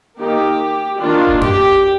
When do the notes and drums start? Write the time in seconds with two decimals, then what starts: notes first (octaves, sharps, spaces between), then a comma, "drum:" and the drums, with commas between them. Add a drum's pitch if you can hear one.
0.19 D#3 A#3 D#4 G4
1.00 D#3 A#3 D4 F4
1.27 drum: kick D#1
1.41 G4, drum: tom F2